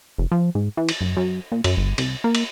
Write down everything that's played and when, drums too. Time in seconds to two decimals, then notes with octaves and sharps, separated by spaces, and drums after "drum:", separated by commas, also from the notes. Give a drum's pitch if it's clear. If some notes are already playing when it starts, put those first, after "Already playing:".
0.18 F1
0.32 F3
0.55 G#2
0.77 E3
0.89 drum: cymbal
1.01 F#1
1.17 F#2
1.52 A#2
1.64 F#2, drum: cymbal
1.77 G1
1.98 C2, drum: cymbal
2.24 A#3
2.35 drum: cymbal